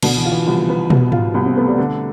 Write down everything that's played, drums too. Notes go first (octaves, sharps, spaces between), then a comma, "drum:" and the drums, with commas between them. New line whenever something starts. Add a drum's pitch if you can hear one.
B2 D3, drum: cymbal
E3
F4
E3
C2 F3
B3
B2, drum: tom
F4, drum: tom G#2
C2 B3
C4
A3 B3
G3
D3 A3